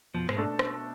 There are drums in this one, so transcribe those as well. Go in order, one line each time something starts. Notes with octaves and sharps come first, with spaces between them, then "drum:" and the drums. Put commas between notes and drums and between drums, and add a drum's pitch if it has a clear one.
F2 B2 F3
G#2 G#3, drum: rim click
A3 D4 A4
drum: rim click